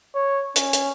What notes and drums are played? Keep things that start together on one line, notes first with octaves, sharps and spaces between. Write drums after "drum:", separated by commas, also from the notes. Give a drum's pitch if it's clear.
C#5
C#4, drum: hi-hat
drum: hi-hat